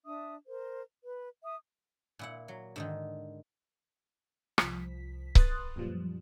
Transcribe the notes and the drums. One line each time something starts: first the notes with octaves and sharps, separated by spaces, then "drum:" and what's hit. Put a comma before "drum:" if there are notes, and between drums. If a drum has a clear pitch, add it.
D4 E5 D#6
A#4 C5
B4
E5 D#6
A#2 E4 F#5
F#3
G#2 D3 D#3
C2 F3 B6, drum: rim click
B4 C6 D#6 F#6 A6, drum: kick C#1
F#2 A#2 F3 G3